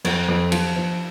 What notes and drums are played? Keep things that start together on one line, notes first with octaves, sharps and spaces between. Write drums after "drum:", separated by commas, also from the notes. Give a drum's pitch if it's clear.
F2, drum: cymbal
F2
F3, drum: cymbal
F3